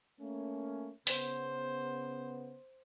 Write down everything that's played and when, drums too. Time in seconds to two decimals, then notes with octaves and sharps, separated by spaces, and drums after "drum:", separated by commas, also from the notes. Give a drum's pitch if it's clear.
0.21 A3 A#3 C#4
1.07 C#3 B3 C5, drum: open hi-hat